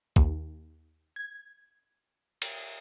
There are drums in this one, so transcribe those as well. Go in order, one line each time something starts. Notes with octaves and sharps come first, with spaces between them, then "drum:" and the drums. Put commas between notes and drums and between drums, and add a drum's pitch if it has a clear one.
D#2, drum: kick
G#6
drum: cymbal